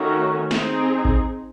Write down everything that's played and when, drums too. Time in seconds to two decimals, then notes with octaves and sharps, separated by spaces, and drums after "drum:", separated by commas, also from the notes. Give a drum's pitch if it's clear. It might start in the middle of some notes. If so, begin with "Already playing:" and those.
Already playing: D#3 A3 C#4 F#4
0.51 C4 D#4 G#4, drum: snare
1.05 drum: kick G#1